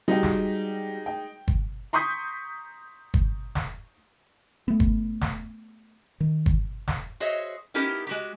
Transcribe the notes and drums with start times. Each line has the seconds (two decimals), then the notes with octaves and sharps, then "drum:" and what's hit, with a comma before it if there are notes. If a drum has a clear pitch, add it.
0.08 G3 G#3 D#4 F#4 G5
0.23 drum: snare
1.06 G5
1.48 drum: kick G1
1.93 A#5 C6 C#6 D#6 G6 B6
3.14 drum: kick G1
3.55 drum: snare
4.68 A3 B3
4.80 drum: kick G1
5.21 drum: snare
6.20 D#3
6.46 drum: kick G1
6.88 drum: snare
7.20 F#4 G#4 C5 C#5 D#5 E5
7.74 B3 C#4 D#4 E4 G4 A#4
8.07 G#3 F#4 G4